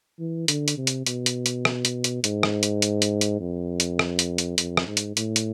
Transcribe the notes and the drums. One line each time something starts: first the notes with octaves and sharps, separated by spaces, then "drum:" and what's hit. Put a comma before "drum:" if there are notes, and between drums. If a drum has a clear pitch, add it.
E3
D3, drum: hi-hat
drum: hi-hat
C3
drum: hi-hat
B2, drum: hi-hat
drum: hi-hat
drum: hi-hat
drum: rim click
drum: hi-hat
drum: hi-hat
G#2, drum: hi-hat
drum: rim click
drum: hi-hat
drum: hi-hat
drum: hi-hat
drum: hi-hat
F2
drum: hi-hat
drum: rim click
drum: hi-hat
drum: hi-hat
F2, drum: hi-hat
drum: rim click
G#2
drum: hi-hat
A2, drum: hi-hat
drum: hi-hat